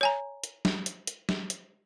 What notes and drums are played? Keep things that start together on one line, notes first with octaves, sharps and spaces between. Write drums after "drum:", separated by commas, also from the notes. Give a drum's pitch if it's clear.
C#5 G#5 A#5
drum: hi-hat
drum: snare
drum: hi-hat
drum: hi-hat
drum: snare
drum: hi-hat